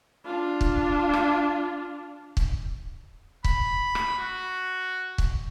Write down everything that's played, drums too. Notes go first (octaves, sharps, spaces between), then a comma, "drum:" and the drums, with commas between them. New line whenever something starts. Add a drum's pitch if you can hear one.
D4 F4
drum: kick
drum: rim click
drum: kick
B5, drum: kick
drum: rim click
F#4
drum: kick